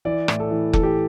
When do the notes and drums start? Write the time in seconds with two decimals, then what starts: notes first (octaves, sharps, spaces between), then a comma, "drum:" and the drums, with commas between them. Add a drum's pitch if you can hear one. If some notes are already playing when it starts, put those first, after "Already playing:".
0.05 E3 D5
0.28 A2, drum: rim click
0.40 A4
0.51 E3
0.73 E3 A4, drum: kick F1
0.83 G4